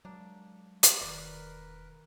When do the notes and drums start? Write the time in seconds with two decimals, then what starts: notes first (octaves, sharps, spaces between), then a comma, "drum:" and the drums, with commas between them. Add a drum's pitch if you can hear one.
0.05 F#3 G#3 A#3 D4
0.83 B5 C#6, drum: hi-hat
1.01 E1 D#3 A#4 B4 D5